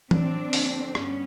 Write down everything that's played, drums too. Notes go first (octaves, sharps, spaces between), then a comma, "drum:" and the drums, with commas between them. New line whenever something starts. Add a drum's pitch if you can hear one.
A2 F#3 C4 D4, drum: tom E3
D#2 D3 F3, drum: open hi-hat
G2 B3 C#4, drum: rim click